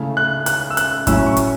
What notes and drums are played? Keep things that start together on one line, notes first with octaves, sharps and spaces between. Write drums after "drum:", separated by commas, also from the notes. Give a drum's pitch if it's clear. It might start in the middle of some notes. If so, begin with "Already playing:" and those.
Already playing: C#3 A3 E4
F#6
F#6, drum: hi-hat
E6
F#6, drum: hi-hat
A2 F#3 C#4 E4 E6, drum: kick, hi-hat
C#6
drum: hi-hat